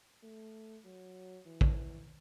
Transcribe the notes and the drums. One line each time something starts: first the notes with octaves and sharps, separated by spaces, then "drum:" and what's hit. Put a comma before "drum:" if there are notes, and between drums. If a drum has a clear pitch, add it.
A3
F#3
E3
drum: kick